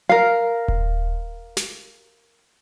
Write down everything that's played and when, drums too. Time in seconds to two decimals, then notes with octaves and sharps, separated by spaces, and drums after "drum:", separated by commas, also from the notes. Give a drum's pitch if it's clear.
0.09 A#4 F5
0.68 drum: kick D#1
1.57 drum: snare